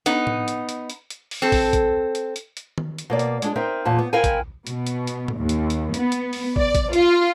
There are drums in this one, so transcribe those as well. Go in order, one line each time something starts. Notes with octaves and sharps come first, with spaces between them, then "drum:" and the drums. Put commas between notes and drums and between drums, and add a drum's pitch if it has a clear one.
B3 D#4, drum: hi-hat
drum: tom A2
drum: hi-hat
drum: hi-hat
drum: hi-hat
drum: hi-hat
drum: open hi-hat
C4 A4
drum: kick, open hi-hat
drum: kick, hi-hat
drum: hi-hat
drum: hi-hat
drum: hi-hat
drum: tom D#3
drum: hi-hat
B2 A#3 D5
drum: hi-hat
G#3 D4 G#4, drum: hi-hat
C4 D#4 A#4 E5
E2 A#2 A5
B3
C4 E4 A#4 F5 G5 G#5
drum: kick, hi-hat
B2, drum: hi-hat
drum: hi-hat
drum: hi-hat
drum: tom A2
D#2
drum: hi-hat
drum: hi-hat
B3, drum: hi-hat
drum: hi-hat
drum: open hi-hat
D5, drum: kick
drum: kick, hi-hat
F4, drum: hi-hat